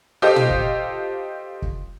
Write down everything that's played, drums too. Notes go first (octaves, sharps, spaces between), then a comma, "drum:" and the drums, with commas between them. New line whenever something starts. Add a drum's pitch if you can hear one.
F4 G4 A4 C5 D#5
drum: tom
drum: kick
drum: kick